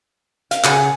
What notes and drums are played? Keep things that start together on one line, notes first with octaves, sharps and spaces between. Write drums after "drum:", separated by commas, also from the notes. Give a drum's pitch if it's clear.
F5, drum: hi-hat
C#3 G#4 F#5, drum: clap